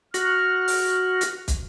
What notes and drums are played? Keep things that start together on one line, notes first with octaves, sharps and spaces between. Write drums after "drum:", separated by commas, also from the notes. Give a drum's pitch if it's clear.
F#4 F6, drum: hi-hat
drum: open hi-hat
drum: hi-hat
drum: kick, hi-hat